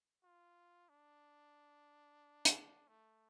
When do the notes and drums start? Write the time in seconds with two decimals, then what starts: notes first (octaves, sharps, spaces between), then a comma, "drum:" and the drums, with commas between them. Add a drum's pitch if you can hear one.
0.23 F4
0.89 D4
2.45 drum: hi-hat
2.88 A3